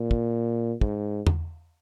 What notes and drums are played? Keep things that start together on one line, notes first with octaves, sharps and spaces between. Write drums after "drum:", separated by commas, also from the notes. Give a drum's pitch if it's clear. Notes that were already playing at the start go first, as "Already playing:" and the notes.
Already playing: A#2
drum: kick
G#2, drum: kick
drum: tom E2